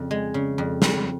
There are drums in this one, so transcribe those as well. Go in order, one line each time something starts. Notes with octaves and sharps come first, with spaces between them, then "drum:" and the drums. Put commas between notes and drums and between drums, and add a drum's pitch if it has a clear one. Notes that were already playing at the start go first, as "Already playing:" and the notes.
Already playing: F2 C#3
G#3
C#3
F2
F2, drum: snare